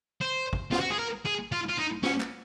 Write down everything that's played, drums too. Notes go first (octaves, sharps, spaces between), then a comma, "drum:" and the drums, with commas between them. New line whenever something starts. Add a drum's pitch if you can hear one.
C5
drum: kick
F4, drum: snare
F#4
G#4
A#4
G#4
F4
F4
D#4
C#4, drum: snare
drum: clap